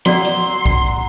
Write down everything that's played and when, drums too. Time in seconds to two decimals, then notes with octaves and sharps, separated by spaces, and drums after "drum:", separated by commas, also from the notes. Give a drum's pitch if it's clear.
0.06 F#3 F#4 D5 C6, drum: tom
0.25 drum: hi-hat
0.66 drum: kick A#1